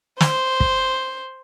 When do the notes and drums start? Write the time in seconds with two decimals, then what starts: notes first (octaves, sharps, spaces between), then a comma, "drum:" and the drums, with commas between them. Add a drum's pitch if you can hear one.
0.21 C5, drum: snare
0.60 drum: kick